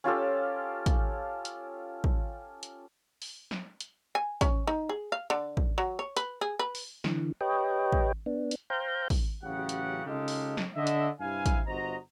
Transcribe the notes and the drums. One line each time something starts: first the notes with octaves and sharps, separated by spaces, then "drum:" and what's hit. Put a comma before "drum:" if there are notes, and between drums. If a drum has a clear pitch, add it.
C#4 F4 G4 A4
drum: kick, hi-hat
drum: hi-hat
drum: kick
drum: hi-hat
drum: open hi-hat
drum: snare
drum: hi-hat
G#5
C#4, drum: kick, hi-hat
D#4
G#4
F5
D3
drum: kick
F#3
C#5
B4, drum: hi-hat
G#4
B4
drum: open hi-hat
D3 E3, drum: snare
G4 B4 C#5 D#5 G5
drum: kick
B3 D4
drum: hi-hat
C5 F5 G5 A#5 G6
drum: kick, open hi-hat
A1 C#3 F#3 G4 F#5
drum: hi-hat
C#3 G#3 D#4 F4 G4 A4
drum: open hi-hat
drum: snare
D3 D#5 E5
drum: hi-hat
G2 C3 E4 F5 G#5
drum: kick, hi-hat
G1 F#4 C5 D#5 A#5